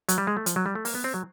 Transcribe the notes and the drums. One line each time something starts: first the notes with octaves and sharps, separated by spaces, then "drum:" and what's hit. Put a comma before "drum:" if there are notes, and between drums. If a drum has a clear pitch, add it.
F#3, drum: hi-hat
G3
G#3
A3
F3, drum: hi-hat
F#3
G3
A3
A#3, drum: open hi-hat
B3
C4
F#3